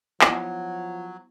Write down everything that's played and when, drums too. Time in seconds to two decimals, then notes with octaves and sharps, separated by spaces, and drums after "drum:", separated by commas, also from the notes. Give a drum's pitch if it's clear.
0.21 F3 F#3 B3 E4 G#5, drum: clap